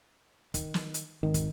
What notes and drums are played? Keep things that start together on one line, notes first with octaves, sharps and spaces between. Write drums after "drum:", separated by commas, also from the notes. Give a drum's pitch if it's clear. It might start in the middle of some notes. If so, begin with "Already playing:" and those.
D#3, drum: kick, hi-hat
drum: snare
drum: hi-hat
G#1 D#3
drum: kick, hi-hat